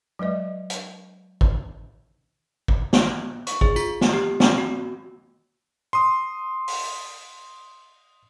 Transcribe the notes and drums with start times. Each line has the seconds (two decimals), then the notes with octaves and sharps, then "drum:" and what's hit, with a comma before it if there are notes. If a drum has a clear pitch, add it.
0.19 F#3 G#3 B4 D#5
0.70 drum: hi-hat
1.41 drum: kick
2.68 drum: kick
2.93 drum: snare
3.47 C#6, drum: hi-hat
3.61 G#4, drum: kick
3.76 F4, drum: tambourine
4.01 drum: snare
4.13 G4
4.40 C4, drum: snare
4.58 F#4
5.93 C6 D#6
6.68 drum: open hi-hat